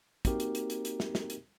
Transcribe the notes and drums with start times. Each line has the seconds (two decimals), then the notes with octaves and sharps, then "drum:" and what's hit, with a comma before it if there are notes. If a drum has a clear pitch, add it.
0.25 A#3 C4 D#4 F#4 G4 A#4, drum: kick, hi-hat
0.40 drum: hi-hat
0.55 drum: hi-hat
0.70 drum: hi-hat
0.85 drum: hi-hat
1.00 drum: snare
1.15 drum: snare
1.30 drum: hi-hat